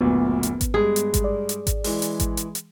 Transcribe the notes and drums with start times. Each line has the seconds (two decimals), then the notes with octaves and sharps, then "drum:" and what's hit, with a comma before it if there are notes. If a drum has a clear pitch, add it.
0.01 F#1 D2 A#2 B3
0.43 drum: hi-hat
0.61 drum: kick G#1, hi-hat
0.74 G2 G#3 G#4
0.96 drum: hi-hat
1.14 drum: kick G#1, hi-hat
1.24 D5
1.49 drum: hi-hat
1.67 drum: kick G#1, hi-hat
1.84 E3 G#3, drum: open hi-hat
2.02 drum: hi-hat
2.20 drum: kick G#1, hi-hat
2.37 drum: hi-hat
2.55 drum: hi-hat